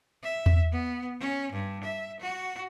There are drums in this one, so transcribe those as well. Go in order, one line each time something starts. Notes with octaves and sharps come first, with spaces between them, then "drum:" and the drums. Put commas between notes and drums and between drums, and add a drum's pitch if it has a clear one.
E5
drum: tom E2
B3
C#4
G2
E5
F#4